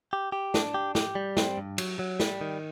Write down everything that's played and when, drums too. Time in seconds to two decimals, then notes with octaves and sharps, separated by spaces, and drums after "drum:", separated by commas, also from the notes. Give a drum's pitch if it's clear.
0.13 G4
0.32 G4
0.54 D4, drum: snare
0.74 G4
0.95 G4, drum: snare
1.15 G3
1.37 C4, drum: snare
1.58 G2
1.78 F#3, drum: cymbal
1.99 F#3
2.20 G3, drum: snare
2.41 D#3